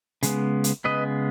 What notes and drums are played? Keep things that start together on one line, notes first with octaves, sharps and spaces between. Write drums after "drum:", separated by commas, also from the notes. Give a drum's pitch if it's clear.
C#3 G#3 B3, drum: hi-hat
drum: hi-hat
C#3 G#3 B3 B4 D#5